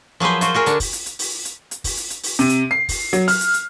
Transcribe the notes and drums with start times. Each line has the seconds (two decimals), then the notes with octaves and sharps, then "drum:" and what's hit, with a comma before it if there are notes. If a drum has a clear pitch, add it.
0.20 F3 F#3 G#4 B4 C5
0.41 F4 F#4 C5, drum: hi-hat
0.54 F#4 G#4 A#4 C#5
0.66 D3 D4, drum: hi-hat
0.80 drum: kick, open hi-hat
0.93 drum: hi-hat
1.06 drum: hi-hat
1.19 drum: open hi-hat
1.45 drum: hi-hat
1.71 drum: hi-hat
1.84 drum: kick, open hi-hat
1.97 drum: hi-hat
2.10 drum: hi-hat
2.23 drum: open hi-hat
2.39 C3, drum: hi-hat
2.49 drum: hi-hat
2.71 C7
2.89 drum: kick, open hi-hat
3.13 F#3, drum: hi-hat
3.28 F6, drum: open hi-hat
3.41 drum: hi-hat
3.54 drum: hi-hat